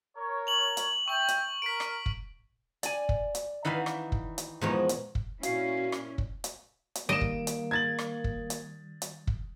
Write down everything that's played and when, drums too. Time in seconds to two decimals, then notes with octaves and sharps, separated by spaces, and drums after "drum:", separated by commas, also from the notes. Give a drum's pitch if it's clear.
0.16 A#4 C#5
0.47 F7 F#7
0.77 drum: hi-hat
1.08 E5 G5 C#6 F#7
1.28 drum: hi-hat
1.62 A#4 B6 D7
1.80 drum: rim click
2.06 drum: kick
2.83 D5 G#5, drum: hi-hat
3.09 drum: kick
3.35 drum: hi-hat
3.65 D#3 E3 B4 F5 F#5
3.86 drum: rim click
4.12 drum: kick
4.38 drum: hi-hat
4.61 E2 A#2 F3 G#3 D#4 C#5
4.89 drum: hi-hat
5.15 drum: kick
5.43 A#2 C#4 E4 F#4 F5, drum: hi-hat
5.92 drum: rim click
6.18 drum: kick
6.44 drum: hi-hat
6.95 drum: hi-hat
7.09 D#3 G3 A#3 D#5 D7 E7
7.21 drum: kick
7.47 drum: hi-hat
7.71 G#6 A6 F#7
7.99 drum: rim click
8.24 drum: kick
8.50 drum: hi-hat
9.02 drum: hi-hat
9.27 drum: kick